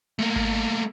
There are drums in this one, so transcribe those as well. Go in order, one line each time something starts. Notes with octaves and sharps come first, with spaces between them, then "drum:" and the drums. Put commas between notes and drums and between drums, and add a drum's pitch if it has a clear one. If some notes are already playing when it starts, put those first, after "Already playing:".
A3 A#3
drum: kick G#1